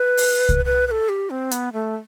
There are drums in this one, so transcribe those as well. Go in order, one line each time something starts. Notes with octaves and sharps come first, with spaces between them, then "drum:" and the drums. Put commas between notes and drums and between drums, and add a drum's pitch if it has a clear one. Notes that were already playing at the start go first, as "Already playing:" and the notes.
Already playing: B4
drum: open hi-hat
drum: kick C2
B4
B4
A4
G4
C4
B3, drum: hi-hat
A3